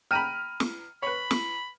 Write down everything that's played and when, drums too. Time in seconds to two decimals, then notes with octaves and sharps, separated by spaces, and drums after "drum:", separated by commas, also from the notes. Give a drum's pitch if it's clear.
0.11 G5 A#5 B5 F6 D#7
0.60 drum: snare
1.02 B4 C#5 B5
1.31 drum: snare